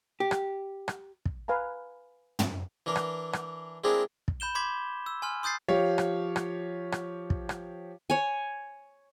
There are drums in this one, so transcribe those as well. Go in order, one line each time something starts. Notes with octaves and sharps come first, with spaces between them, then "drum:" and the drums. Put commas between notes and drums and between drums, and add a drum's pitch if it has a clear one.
G4
drum: rim click
drum: rim click
drum: kick
B4 F5 G#5 A#5
drum: tom
E3 D4 A#4
drum: rim click
drum: rim click
G#3 C4 D4 E4 G#4 A#4
drum: kick
B5 G6 E7 G7
B5 C6 D6 G#6 B6
E6
G#5 C6 F6
C6 D#6 G6 A6 C7
F3 G4 C#5 F5
drum: rim click
drum: rim click
drum: rim click
drum: kick
drum: rim click
C#5 G#5